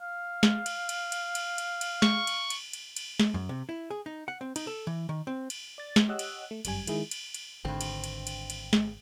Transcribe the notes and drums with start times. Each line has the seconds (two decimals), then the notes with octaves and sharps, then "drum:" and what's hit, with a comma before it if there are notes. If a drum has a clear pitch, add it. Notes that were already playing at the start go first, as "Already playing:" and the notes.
0.01 F5
0.43 drum: snare
0.66 drum: cymbal
0.89 drum: cymbal
1.12 drum: cymbal
1.35 drum: cymbal
1.58 drum: cymbal
1.81 drum: cymbal
2.02 C#6, drum: snare
2.27 drum: cymbal
2.50 drum: cymbal
2.73 drum: cymbal
2.96 drum: cymbal
3.20 drum: snare
3.34 F#2
3.49 C3
3.69 E4
3.91 G#4
4.06 D#4
4.28 F#5
4.41 C4
4.56 D#4, drum: cymbal
4.67 A4
4.87 E3
5.09 D#3
5.27 C4
5.50 drum: cymbal
5.78 D5 A6
5.96 drum: snare
6.09 G4 C#5 D#5 F#5 E6 F#6
6.19 drum: cymbal
6.51 A3
6.65 G1 F#2 G3 G#5, drum: cymbal
6.87 D#3 G#3 E4 G#4, drum: cymbal
7.11 drum: cymbal
7.34 drum: cymbal
7.65 G#1 G2 D3 C4
7.81 drum: cymbal
8.04 drum: cymbal
8.27 drum: cymbal
8.50 drum: cymbal
8.73 drum: snare